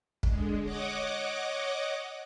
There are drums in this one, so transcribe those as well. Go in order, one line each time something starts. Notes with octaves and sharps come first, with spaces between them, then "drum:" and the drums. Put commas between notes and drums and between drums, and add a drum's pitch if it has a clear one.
D3 G#3, drum: kick
C#5 D#5 F#5 D6